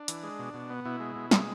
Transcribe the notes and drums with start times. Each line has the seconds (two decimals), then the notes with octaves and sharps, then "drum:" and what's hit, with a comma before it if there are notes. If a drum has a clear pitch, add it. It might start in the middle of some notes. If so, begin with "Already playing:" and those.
Already playing: D4
0.08 E3, drum: hi-hat
0.23 G#3
0.39 B2
0.54 B2
0.70 B3
0.85 B2 E4
1.00 G#3
1.16 B2
1.31 G#3, drum: snare